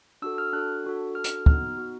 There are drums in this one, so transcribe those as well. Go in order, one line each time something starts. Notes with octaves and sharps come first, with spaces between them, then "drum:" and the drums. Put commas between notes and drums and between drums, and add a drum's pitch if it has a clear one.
D4 F#4 A4 E6
F6
D4 F#4 A4 F#6
D4 F#4 A4
D4 F#4 A4 F6
drum: hi-hat
B3 D#4 F#4 F6, drum: kick
B3 D#4 F#4